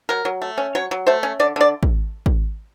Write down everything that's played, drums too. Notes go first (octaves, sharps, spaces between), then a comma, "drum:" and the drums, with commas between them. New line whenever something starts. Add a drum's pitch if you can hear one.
F#3 A#4
F#3
A3
C#4
F#3 C#5
F#3
A3 C5
C#4
D3 D5
D3 D5
drum: kick
drum: kick